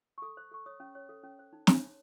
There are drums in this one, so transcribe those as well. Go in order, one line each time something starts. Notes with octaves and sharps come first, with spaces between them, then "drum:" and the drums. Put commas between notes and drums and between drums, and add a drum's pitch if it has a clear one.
C#6
A4 D#6
C5
A4 C#6
C#5 D#6
C#4
C#5
A4
C#4
C5
D#4
C#5, drum: snare
D#4